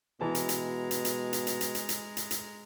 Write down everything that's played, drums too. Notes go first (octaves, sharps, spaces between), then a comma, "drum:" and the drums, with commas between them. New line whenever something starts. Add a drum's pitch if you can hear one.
B2 E3 G#3 A5 A#5
drum: hi-hat
drum: hi-hat
drum: hi-hat
drum: hi-hat
drum: hi-hat
drum: hi-hat
drum: hi-hat
drum: hi-hat
drum: hi-hat
drum: hi-hat
drum: hi-hat